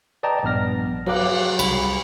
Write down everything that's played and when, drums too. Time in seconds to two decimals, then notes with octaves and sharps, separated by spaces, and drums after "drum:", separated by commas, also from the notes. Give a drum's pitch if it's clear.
0.23 B4 D5 D#5 G5 A5 A#5
0.43 A#1 G2 B3 F6 A#6
1.06 F#3 F#4 B4 F5 D6 F#6, drum: cymbal
1.59 C2 B5, drum: cymbal